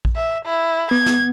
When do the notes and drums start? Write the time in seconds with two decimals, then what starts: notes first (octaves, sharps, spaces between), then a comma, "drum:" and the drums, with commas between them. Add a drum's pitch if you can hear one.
0.05 drum: kick A#1
0.16 E5
0.45 E4
0.91 B3 G#6
1.06 drum: snare